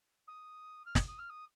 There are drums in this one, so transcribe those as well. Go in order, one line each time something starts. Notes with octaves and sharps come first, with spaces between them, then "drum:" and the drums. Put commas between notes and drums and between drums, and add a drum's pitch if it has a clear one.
D#6
F6
D#6, drum: snare
D#6
F6
D#6